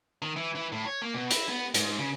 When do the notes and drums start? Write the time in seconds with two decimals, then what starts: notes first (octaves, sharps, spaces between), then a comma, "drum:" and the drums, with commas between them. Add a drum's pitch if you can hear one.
0.22 D#3
0.36 E3
0.55 E3
0.72 A2
0.86 C#5
1.02 A#3
1.14 B2
1.31 E4, drum: hi-hat
1.49 B3
1.74 G#2, drum: hi-hat
1.99 C#3